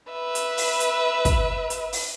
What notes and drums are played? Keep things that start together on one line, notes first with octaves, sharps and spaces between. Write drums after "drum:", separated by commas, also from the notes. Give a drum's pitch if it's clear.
B4 E5
drum: hi-hat
drum: open hi-hat
drum: hi-hat
drum: kick, hi-hat
drum: hi-hat
drum: open hi-hat